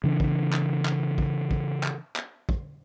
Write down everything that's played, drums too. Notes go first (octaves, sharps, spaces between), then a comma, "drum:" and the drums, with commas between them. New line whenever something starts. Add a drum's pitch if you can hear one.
C#3 E3 D4
drum: kick
drum: clap
drum: clap
drum: kick
drum: kick
drum: clap
drum: clap
drum: kick